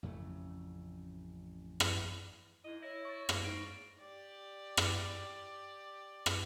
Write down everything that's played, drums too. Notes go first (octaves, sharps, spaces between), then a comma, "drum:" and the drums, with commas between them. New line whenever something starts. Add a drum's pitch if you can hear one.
A1 F2 C#3 A3
drum: rim click
G#2 A#3 E4 D#5
E4 C#5 A#6
C#6 A6
E1 A#3, drum: rim click
G#2 D7
G4 D5
drum: rim click
drum: rim click